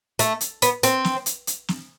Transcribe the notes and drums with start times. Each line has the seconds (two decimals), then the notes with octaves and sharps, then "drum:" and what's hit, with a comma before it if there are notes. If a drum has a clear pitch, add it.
0.19 A3, drum: hi-hat
0.41 drum: hi-hat
0.62 B3, drum: hi-hat
0.83 C4, drum: hi-hat
1.05 drum: snare
1.26 drum: hi-hat
1.47 drum: hi-hat
1.68 drum: snare